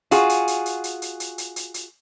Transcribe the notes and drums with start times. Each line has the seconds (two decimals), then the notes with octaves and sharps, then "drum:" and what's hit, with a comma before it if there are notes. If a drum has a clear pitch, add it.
0.11 F4 F#4 G#4, drum: hi-hat
0.29 drum: hi-hat
0.47 drum: hi-hat
0.66 drum: hi-hat
0.84 drum: hi-hat
1.02 drum: hi-hat
1.20 drum: hi-hat
1.38 drum: hi-hat
1.56 drum: hi-hat
1.74 drum: hi-hat